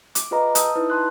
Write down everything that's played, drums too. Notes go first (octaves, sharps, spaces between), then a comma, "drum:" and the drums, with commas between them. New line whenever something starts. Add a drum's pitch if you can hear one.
D6, drum: hi-hat
F4 G#4 B4 D#5 A#5
A5 D#6 E6 G6, drum: hi-hat
D#4 E4 B4
A5 C6 F#6